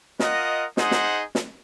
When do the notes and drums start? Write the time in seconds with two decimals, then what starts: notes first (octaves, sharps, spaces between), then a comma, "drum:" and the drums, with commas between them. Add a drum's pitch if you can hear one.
0.19 F4 A#4 D#5 F#5, drum: snare
0.77 D#4 G#4 C5 D#5 F#5, drum: snare
0.91 drum: snare
1.35 drum: snare